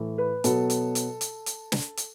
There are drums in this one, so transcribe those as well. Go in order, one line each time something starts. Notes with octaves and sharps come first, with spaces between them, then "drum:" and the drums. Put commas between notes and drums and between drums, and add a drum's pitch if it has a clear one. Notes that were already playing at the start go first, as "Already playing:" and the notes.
Already playing: A2 E3 A3
B4
B2 F#3 B3 A4, drum: hi-hat
drum: hi-hat
drum: hi-hat
drum: hi-hat
drum: hi-hat
drum: snare
drum: hi-hat